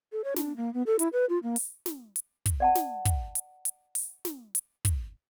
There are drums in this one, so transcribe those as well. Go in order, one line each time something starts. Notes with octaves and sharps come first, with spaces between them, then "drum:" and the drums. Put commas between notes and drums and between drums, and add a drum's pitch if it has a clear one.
A4
C#5
D4, drum: snare
A#3
B3
A4
E4, drum: hi-hat
B4
F4
A#3
drum: open hi-hat
drum: snare
drum: hi-hat
drum: kick, hi-hat
D5 F#5 A5
drum: snare
drum: kick, hi-hat
drum: hi-hat
drum: hi-hat
drum: open hi-hat
drum: snare
drum: hi-hat
drum: kick, hi-hat